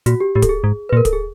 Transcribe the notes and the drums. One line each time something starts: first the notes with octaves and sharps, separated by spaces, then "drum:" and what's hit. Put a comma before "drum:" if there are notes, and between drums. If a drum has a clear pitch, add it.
A#2 F#4, drum: hi-hat
G4
A2 G4
A4, drum: kick, hi-hat
G#4
G#2
B4
A#2
A#4
A4, drum: kick, hi-hat
G#4